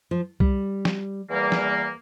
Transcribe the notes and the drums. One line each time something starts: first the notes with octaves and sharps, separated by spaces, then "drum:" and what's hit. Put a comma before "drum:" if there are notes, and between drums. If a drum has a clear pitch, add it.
F3
G3, drum: kick C2
drum: snare
E2 E3 G3 A#3
drum: snare